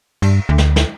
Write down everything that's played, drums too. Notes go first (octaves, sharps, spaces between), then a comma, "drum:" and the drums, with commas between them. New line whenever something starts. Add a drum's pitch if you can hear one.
G2, drum: cymbal
D2
drum: snare
drum: snare